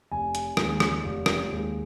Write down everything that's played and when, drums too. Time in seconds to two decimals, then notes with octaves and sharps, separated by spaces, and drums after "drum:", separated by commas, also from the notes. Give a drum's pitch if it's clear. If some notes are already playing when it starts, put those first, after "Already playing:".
0.11 F1 G#5
0.35 drum: hi-hat
0.57 D#2 D#3 G#3, drum: rim click
0.80 drum: rim click
1.03 F1
1.26 drum: rim click
1.48 D#2 D#3 G#3